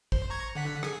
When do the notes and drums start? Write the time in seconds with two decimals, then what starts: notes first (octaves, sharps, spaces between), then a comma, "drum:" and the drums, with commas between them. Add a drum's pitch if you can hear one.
0.12 C5, drum: kick
0.30 A#5 C#6 G#6
0.55 D3 F#5 B6
0.83 G#4, drum: rim click